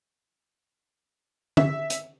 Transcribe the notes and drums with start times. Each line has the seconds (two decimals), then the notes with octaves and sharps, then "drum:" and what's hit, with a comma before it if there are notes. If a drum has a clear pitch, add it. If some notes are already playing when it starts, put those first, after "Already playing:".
1.57 E5, drum: tom
1.90 drum: hi-hat